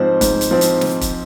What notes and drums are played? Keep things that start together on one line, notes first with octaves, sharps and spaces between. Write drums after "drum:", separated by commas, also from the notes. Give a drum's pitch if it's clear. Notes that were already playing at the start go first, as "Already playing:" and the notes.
Already playing: G#2 F3 C4 C5
G#2, drum: kick, hi-hat
drum: hi-hat
F3 C4
drum: hi-hat
drum: snare
drum: kick, hi-hat